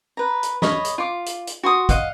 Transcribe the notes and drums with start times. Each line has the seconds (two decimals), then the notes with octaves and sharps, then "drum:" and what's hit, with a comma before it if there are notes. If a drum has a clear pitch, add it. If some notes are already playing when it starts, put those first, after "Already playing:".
0.17 B4 A#5
0.43 drum: hi-hat
0.62 C#5 D#5 B5, drum: snare
0.85 drum: hi-hat
0.98 F4 D6
1.26 drum: hi-hat
1.47 drum: hi-hat
1.63 F#4 C6 D#6
1.89 D#5 F5 F#5, drum: kick, hi-hat